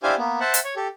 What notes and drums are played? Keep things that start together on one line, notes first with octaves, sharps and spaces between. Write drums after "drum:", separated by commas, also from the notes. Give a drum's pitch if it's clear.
D4 E4 G4 C5 F5 G#5
A#3 B3
C5 E5 F#5 A5
drum: hi-hat
C#5
G4 A4